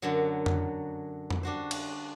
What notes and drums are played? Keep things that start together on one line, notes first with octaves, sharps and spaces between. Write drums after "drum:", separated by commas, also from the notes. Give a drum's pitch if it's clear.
F#2 D3 F#3
drum: tom F2
drum: tom F2
G3 D4 F#4 C5
drum: cymbal